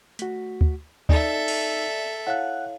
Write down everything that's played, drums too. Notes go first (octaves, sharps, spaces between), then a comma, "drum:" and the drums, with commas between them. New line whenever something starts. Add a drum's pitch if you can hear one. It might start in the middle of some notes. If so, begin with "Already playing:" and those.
A3 F#4 B6, drum: hi-hat
drum: kick D2
D#4 A4 D5 E5, drum: kick D2
drum: cymbal
E4 C#5 F5 F#5 F#6